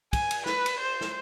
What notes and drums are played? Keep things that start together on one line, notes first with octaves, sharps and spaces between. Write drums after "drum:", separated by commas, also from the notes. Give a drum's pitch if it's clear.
G#5, drum: kick, cymbal
drum: cymbal
B4, drum: snare
drum: cymbal
C5
drum: snare